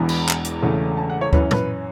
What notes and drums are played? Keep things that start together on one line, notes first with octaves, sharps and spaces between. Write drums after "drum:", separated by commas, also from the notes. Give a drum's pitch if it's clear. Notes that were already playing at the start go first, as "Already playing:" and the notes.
Already playing: E1 E2 E3 B3
B5, drum: cymbal
drum: clap
drum: hi-hat
E1 E2 C#3 A3
A5
F#5
C#5
F#2 E3 C#4 B4, drum: kick D2
B4, drum: tom A2